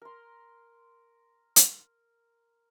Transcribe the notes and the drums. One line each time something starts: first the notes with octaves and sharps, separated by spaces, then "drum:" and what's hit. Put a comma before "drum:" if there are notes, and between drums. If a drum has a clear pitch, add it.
A#4 C6
drum: hi-hat